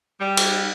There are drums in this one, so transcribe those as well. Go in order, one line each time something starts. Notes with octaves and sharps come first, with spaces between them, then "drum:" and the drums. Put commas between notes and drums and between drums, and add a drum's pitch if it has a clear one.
G3
drum: cymbal